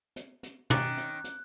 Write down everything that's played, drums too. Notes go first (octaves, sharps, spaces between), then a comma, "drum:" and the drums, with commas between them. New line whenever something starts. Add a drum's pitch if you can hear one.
drum: hi-hat
drum: hi-hat
D#3 C#4 A#5 D6 F#6 A6, drum: tom
drum: hi-hat
drum: hi-hat